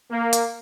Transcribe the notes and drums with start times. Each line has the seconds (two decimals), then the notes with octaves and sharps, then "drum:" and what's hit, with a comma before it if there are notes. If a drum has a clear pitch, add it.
0.10 A#3
0.33 drum: hi-hat